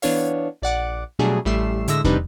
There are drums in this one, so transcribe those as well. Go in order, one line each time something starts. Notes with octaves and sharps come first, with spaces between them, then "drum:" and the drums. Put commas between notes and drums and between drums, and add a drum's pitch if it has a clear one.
E3 B3 D4 C#5 F5, drum: open hi-hat
A#1 D5 F#5 D6
B2 F#3 G3 A3 D4 G#4
A1 G3 A3 E5 C7 E7
A2 D3 G#3 E5 E6 A#6, drum: hi-hat
C3 G3 C4 D4 D#4 B4, drum: kick